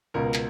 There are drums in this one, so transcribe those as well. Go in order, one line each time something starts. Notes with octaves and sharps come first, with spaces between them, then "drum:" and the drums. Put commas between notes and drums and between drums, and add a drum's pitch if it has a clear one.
C#2 B2 A#4
drum: clap